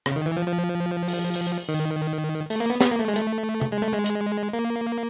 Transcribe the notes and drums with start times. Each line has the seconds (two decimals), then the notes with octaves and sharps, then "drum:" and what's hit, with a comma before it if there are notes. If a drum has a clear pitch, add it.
0.06 C#3, drum: rim click
0.16 D#3
0.26 E3
0.37 F3
0.47 F3
1.08 drum: open hi-hat
1.34 drum: open hi-hat
1.69 D#3
2.50 A3, drum: open hi-hat
2.60 A#3
2.70 B3
2.81 B3, drum: snare
2.90 A#3
2.99 A3
3.08 G#3
3.16 A3, drum: hi-hat
3.61 drum: tom C3
3.72 G#3
3.82 A3
3.93 G#3
4.06 drum: hi-hat
4.53 A#3